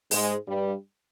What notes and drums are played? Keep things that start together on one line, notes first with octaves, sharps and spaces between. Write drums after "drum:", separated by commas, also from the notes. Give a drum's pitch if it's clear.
G#2 G#3, drum: open hi-hat
G2 G3